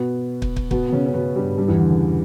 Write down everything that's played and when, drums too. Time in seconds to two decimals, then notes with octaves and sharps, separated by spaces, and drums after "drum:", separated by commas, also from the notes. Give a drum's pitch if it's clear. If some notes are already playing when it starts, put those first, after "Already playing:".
Already playing: B2 B3
0.42 drum: kick
0.56 drum: kick
0.71 B2 B3, drum: kick
0.88 B3
0.92 C#3 C#4
1.06 C#4
1.14 B2 B3
1.36 G2 G3
1.58 G2 G3
1.68 E2 E3
1.80 D3
1.90 C#3